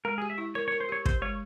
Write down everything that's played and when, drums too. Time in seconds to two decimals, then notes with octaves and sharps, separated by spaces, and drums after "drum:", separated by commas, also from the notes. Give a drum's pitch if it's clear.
0.05 G#3 A#4
0.18 G4 G#4
0.30 E5
0.38 E4
0.55 A#4 C#5
0.68 C#5
0.72 A#4
0.80 C5
0.89 G4 C#5
1.05 G4 C5, drum: kick
1.22 G#3 C#5